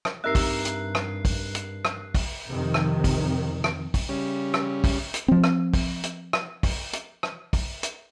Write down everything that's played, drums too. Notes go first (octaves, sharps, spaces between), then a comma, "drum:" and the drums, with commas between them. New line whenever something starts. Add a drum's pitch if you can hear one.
drum: rim click
G2 C4 D#4 G4 A#4 E5 F#6 C7
drum: kick, open hi-hat
drum: hi-hat
drum: rim click
drum: kick, open hi-hat
drum: hi-hat
drum: rim click
drum: kick, open hi-hat
F2 C3 D#3
drum: rim click
drum: kick, open hi-hat
drum: rim click
drum: kick, open hi-hat
C#3 G3 C#4
drum: rim click
drum: kick, open hi-hat
drum: hi-hat
F3 C4
drum: rim click
drum: kick, open hi-hat
drum: hi-hat
drum: rim click
drum: kick, open hi-hat
drum: hi-hat
drum: rim click
drum: kick, open hi-hat
drum: hi-hat